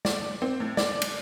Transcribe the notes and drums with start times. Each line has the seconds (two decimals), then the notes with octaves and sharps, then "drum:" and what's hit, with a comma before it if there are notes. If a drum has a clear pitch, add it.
0.05 D5, drum: snare
0.42 C4
0.60 A2
0.77 D5, drum: snare
1.02 drum: cymbal